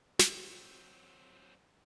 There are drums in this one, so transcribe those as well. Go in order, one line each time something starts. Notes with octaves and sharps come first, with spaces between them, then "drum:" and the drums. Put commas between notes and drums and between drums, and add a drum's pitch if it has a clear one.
F#3 C4, drum: snare